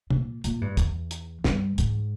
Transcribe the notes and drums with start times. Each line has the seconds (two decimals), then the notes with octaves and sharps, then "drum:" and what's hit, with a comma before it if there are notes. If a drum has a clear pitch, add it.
0.10 A#2, drum: tom
0.44 A#2, drum: hi-hat
0.61 G2
0.77 E2, drum: kick, hi-hat
1.11 drum: hi-hat
1.44 G2, drum: snare
1.78 G#2, drum: hi-hat